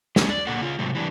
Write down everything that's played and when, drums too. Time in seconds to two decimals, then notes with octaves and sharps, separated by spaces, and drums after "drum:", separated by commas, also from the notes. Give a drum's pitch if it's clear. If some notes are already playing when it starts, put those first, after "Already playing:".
0.16 F#3 G#3 A#3 C#4 D4 G4, drum: snare
0.30 D5
0.47 A#2 D3 A#3 A4 F#5
0.61 C#3 F4
0.79 G#2 C3 F#3 A3
0.95 E3 G3 D4